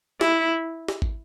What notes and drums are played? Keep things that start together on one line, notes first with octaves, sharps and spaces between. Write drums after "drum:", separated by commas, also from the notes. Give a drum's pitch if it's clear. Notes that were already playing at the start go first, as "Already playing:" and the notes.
E4, drum: snare
drum: snare
drum: kick